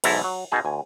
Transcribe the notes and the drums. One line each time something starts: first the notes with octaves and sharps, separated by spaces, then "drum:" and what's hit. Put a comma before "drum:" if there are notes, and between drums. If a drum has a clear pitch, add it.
B1 E2 G#2 E4 A4 A#5, drum: cymbal
F#3
B2 D#4 G#4 A5
D2 G#5